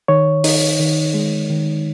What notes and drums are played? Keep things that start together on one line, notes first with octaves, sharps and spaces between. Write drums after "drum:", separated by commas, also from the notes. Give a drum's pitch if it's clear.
D#3 C#5
D#4, drum: open hi-hat
D#3
G#3
D#3